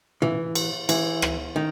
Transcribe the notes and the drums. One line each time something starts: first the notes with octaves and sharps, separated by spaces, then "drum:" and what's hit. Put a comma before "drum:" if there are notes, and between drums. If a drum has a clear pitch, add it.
E3, drum: tom
drum: cymbal
E3, drum: cymbal
drum: rim click
D#3